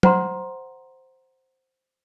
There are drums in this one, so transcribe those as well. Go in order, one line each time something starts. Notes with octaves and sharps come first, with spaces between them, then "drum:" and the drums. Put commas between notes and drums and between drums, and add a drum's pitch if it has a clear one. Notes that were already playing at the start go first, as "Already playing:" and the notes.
C5 F#5 A#5 C6, drum: tom F#3